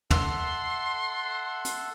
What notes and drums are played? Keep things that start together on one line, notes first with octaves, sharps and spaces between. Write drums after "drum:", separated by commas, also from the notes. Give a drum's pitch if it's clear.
A4 E5 F#5 C6, drum: tom
drum: hi-hat